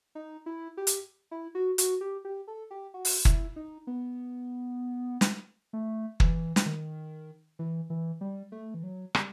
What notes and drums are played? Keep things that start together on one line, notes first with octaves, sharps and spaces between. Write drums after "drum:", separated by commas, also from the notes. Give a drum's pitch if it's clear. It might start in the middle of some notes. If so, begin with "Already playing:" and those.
D#4
E4
G4
drum: hi-hat
E4
F#4
F#4, drum: hi-hat
G4
G4
A4
G4
F#4
drum: open hi-hat
E4, drum: kick
D#4
B3
drum: snare
A3
E3, drum: kick
drum: snare
D#3
E3
E3
G3
A3
E3
F#3
G3, drum: rim click